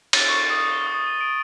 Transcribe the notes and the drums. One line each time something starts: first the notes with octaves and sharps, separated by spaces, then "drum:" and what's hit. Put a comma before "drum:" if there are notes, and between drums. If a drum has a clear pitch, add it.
A6, drum: cymbal
C#6
D#6
G7
D#6
D#7
D7